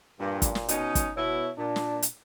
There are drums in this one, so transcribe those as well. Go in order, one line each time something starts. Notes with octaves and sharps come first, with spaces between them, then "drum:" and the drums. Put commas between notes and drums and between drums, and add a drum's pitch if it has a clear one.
G2 A#2
drum: kick, hi-hat
drum: snare
B2 C#4 D#4, drum: hi-hat
drum: kick, hi-hat
B2 E4 C#5
A#2 D4
drum: snare
drum: hi-hat